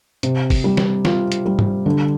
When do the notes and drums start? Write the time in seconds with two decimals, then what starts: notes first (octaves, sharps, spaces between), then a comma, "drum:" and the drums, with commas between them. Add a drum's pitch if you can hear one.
0.23 C3, drum: hi-hat
0.50 drum: kick, open hi-hat
0.64 G3
0.77 drum: snare
1.05 F4, drum: snare
1.32 drum: hi-hat
1.46 G3
1.59 drum: tom G#2
1.86 D3